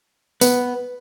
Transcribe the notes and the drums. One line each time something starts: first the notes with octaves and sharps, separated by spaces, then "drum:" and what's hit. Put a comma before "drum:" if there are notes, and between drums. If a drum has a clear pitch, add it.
B3, drum: tambourine